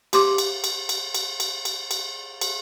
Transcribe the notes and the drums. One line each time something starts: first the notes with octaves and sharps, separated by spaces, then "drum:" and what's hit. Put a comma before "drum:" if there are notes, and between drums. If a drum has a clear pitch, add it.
G4 C6 D6, drum: cymbal
drum: cymbal
drum: cymbal
drum: cymbal
drum: cymbal
drum: cymbal
drum: cymbal
drum: cymbal
drum: cymbal